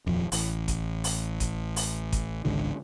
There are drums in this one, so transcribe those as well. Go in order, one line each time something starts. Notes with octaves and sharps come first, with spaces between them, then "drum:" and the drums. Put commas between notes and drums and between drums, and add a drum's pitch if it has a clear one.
D#1 F2 F3
A1, drum: open hi-hat
drum: kick G1, hi-hat
drum: open hi-hat
drum: kick G1, hi-hat
drum: open hi-hat
drum: kick G1, hi-hat
G#1 C#2 D3